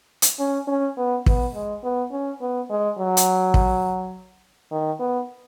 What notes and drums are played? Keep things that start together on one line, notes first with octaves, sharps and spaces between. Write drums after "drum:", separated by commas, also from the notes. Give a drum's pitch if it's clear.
drum: hi-hat
C#4
C#4
B3
B3, drum: kick
G#3
B3
C#4
B3
G#3
F#3
drum: hi-hat
drum: kick
D#3
B3